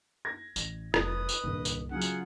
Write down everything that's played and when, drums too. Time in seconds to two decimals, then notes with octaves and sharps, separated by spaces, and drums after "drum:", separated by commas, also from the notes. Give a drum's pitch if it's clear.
0.25 G#6 A#6
0.56 A1, drum: tambourine
0.94 F1 B1 B4 D#5 D#6, drum: rim click
1.29 drum: tambourine
1.44 D#1 C2 G2
1.65 drum: tambourine
1.91 C#3 F#3 C#4 F4 G#4 F#5
2.02 drum: tambourine